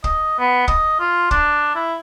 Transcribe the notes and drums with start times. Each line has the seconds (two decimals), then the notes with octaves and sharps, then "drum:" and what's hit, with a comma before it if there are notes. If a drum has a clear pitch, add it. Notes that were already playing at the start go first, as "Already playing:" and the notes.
0.04 D#5, drum: kick
0.39 B3
0.68 D#5, drum: kick
1.00 F4
1.31 D4, drum: kick
1.75 E4